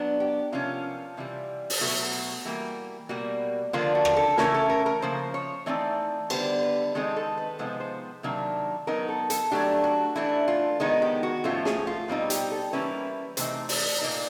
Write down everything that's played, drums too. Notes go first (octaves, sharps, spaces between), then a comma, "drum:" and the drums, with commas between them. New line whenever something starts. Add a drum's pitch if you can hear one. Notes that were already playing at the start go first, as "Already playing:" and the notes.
Already playing: F#3 B3 D4
G4
C3 F3 A#3 C#4 F4
C3 E3 G3
drum: open hi-hat
B2 F#3 A3 F#4
E3 G3 A#3
B2 G3 A#3 F#4
D3 F3 A#3 D4 F4
F#4
drum: rim click
A4
C#3 E3 A3 C#4 E4 A#4, drum: snare
A4
A#4
A#4
C#3 F3 A#3 C5
C#5
E3 A3 C4 D#4 D5
D3 G3 B3 C5, drum: cymbal
B4
D#3 G#3 C4 D#4 A4
A4
B4
C3 F3 G#3 B3 D#4 C5
C5
C3 D#3 F#3 A#3 D4
F#3 B3 D#4 A#4
A4
A4, drum: hi-hat
F#3 A3 D4 G4
F#4
E3 A3 D4 E4
F4
D#3 G#3 B3 D#4
G4
F#4
A2 F3 A3 C#4 F4
G#4, drum: snare
F4
B2 G3 C4 D#4 F4
G4, drum: hi-hat
A4
E3 G3 A#3 C#4 E4 B4
C3 E3 A3 C4 D#4 C5, drum: hi-hat
D5, drum: open hi-hat
A#2 F3 A#3 D#4 D5